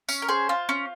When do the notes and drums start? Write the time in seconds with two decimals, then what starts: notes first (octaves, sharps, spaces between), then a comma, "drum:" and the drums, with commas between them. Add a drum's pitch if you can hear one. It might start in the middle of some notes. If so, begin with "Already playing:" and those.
0.09 C#4, drum: tambourine
0.22 A#4
0.28 G#4 C5
0.49 F4
0.69 C#4